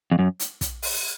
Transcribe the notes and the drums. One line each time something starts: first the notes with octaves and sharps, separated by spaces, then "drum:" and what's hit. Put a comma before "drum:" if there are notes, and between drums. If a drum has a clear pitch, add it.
F2
F#2
drum: hi-hat
drum: kick, hi-hat
drum: open hi-hat